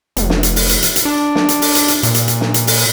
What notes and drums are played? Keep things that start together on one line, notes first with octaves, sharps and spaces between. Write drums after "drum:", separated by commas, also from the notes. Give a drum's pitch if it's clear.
F1, drum: hi-hat
drum: snare
drum: hi-hat
drum: open hi-hat
drum: hi-hat
drum: hi-hat
drum: hi-hat
D4
drum: snare
drum: hi-hat
drum: open hi-hat
drum: hi-hat
drum: hi-hat
A#2, drum: hi-hat
drum: hi-hat
drum: hi-hat
drum: snare
drum: hi-hat
drum: open hi-hat